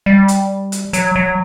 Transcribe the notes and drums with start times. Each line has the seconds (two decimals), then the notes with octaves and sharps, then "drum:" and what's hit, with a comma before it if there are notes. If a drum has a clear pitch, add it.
0.06 G3
0.28 drum: hi-hat
0.72 drum: hi-hat
0.93 F#3, drum: hi-hat
1.15 F#3